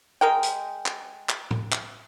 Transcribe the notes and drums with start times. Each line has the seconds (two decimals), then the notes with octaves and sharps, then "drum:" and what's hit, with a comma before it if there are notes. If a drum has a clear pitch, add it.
0.21 G#3 A#4 G5
0.43 drum: hi-hat
0.86 drum: clap
1.29 drum: clap
1.51 drum: tom
1.72 drum: clap